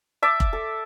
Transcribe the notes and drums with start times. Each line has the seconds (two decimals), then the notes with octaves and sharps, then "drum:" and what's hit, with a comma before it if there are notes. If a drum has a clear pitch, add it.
0.22 E5 A5 D6
0.40 drum: kick F1
0.53 A4